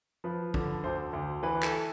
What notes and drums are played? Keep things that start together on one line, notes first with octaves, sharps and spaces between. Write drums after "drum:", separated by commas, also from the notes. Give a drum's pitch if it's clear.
F3 B4
D3, drum: kick
D2 C5
D2
E3 B4
A4, drum: clap